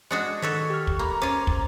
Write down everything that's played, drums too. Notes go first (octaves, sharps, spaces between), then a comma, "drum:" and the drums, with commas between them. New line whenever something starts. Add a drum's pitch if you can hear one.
G#3 D4 F#4 D#5 D#6 C#7
D#3 F#4 A4 C#5 C#6 B6
G4 F6
drum: kick
A#3 A#5 B5
C#4 F4 C5 D6
drum: kick